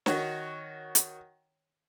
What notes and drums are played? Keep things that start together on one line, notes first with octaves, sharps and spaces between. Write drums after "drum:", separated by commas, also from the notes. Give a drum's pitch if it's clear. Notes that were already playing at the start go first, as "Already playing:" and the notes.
D#3 F#4 C#5, drum: snare
drum: hi-hat